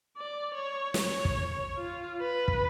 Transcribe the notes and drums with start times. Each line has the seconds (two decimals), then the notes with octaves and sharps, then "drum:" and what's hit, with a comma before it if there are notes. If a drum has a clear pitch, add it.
0.17 D5
0.55 C#5
0.94 drum: snare
1.06 C#5
1.25 drum: kick
1.77 F4
2.21 B4
2.48 drum: kick